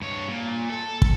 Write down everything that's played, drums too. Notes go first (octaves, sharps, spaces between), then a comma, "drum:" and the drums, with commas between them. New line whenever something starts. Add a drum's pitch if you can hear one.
G2 C#5
A#2
A4
drum: kick